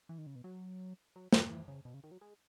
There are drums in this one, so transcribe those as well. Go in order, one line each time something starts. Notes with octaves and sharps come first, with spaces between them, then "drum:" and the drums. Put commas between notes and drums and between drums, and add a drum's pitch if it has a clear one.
E3
D#3
C#3
B2
F#3
F#3
F#3, drum: snare
E3
C#3
B2
C#3
D#3
F#3
G#3